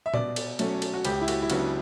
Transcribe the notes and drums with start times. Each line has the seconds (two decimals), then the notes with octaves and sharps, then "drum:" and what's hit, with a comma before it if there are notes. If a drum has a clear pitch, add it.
0.06 E5
0.14 B2 D5, drum: tom A#2
0.36 drum: cymbal
0.59 F#3 A3 C#4, drum: cymbal
0.82 drum: cymbal
0.94 F#4
1.05 C#2 G4, drum: cymbal
1.21 E4
1.28 F#4, drum: cymbal
1.42 E4
1.50 C#3 F#3 B3 D4 F#4, drum: cymbal